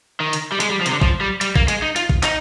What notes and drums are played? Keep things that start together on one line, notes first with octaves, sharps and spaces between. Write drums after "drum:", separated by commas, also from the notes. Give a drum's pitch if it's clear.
D#3
drum: hi-hat
G3
G#3, drum: hi-hat
G3
F3
C3, drum: hi-hat
D3
F3, drum: kick
G3
G3, drum: hi-hat
A#3, drum: kick
G#3, drum: hi-hat
D#4
F4, drum: hi-hat
drum: kick
D#4, drum: clap